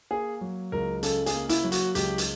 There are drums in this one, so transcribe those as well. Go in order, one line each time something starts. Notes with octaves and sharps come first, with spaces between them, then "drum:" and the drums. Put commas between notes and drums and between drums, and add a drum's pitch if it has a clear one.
A#3 G#4
F#3
C#2 A#4
C#3 A4, drum: hi-hat
G#4, drum: hi-hat
A#3
E4, drum: hi-hat
F#3
F#4, drum: hi-hat
C#2 G4, drum: hi-hat
drum: hi-hat